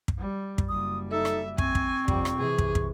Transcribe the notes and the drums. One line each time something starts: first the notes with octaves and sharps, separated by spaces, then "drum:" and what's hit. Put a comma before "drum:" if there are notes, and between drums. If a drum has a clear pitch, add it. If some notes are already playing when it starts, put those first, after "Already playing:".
drum: kick
G3
drum: kick
F#1 G3 D#6
D#4 A4 E5
drum: rim click
C4 G#5 C#6, drum: kick
drum: kick
F1 F2 G3, drum: kick
drum: rim click
C3 E3 G#4
drum: kick
drum: kick